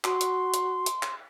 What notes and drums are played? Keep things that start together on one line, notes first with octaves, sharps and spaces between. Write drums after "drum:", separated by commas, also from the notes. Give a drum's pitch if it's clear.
F#4 C6, drum: clap
drum: hi-hat
drum: hi-hat
drum: hi-hat
drum: clap